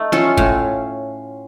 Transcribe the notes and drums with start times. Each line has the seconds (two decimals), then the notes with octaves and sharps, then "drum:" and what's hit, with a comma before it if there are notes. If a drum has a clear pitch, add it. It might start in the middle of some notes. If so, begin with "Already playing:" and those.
Already playing: A3 D#4
0.12 C#4 F4 A4, drum: snare
0.37 A2, drum: kick